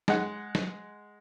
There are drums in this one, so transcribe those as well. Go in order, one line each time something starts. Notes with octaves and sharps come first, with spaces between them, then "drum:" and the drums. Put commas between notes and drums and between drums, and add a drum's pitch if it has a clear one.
G#3 F#5, drum: snare
drum: snare